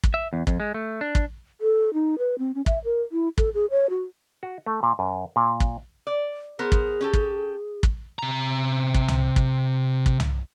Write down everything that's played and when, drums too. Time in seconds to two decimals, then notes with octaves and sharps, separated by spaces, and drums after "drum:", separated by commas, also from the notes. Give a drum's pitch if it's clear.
0.03 drum: kick
0.14 E5
0.33 E2
0.47 F2, drum: kick
0.60 G#3
0.74 A3
1.01 D4
1.15 drum: kick
1.61 A4
1.94 D#4
2.18 B4
2.39 C4
2.55 C#4
2.66 E5, drum: kick
2.84 A#4
3.12 E4
3.38 A4, drum: kick
3.54 G#4
3.70 C#5
3.90 F#4
4.43 F#4
4.66 A3
4.83 A#2
4.99 F#2
5.36 A#2
5.60 drum: kick
6.07 D5
6.59 B3 G#4 A#4 C5
6.72 drum: kick
7.01 C#4 G4 A4
7.13 drum: kick
7.83 drum: kick
8.19 C3 A#5
8.94 drum: kick
9.08 drum: tom C2
9.36 drum: kick
10.06 drum: kick
10.20 drum: tom C2